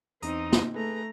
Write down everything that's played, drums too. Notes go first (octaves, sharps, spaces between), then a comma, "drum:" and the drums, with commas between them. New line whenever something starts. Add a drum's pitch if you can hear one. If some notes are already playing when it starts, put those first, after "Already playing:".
E2 C4 D#4 A#5 D#6, drum: hi-hat
drum: snare
A3 G#4 B4 A#5